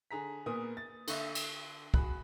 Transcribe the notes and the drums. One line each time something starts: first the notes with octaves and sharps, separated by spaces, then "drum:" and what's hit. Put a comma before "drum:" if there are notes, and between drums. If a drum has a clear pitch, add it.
D3 G#4 A#5 B6
A#2 B3 A#4 D#6
A6
D3 E5, drum: cymbal
drum: cymbal
F#4 G#4 B5 F#6, drum: kick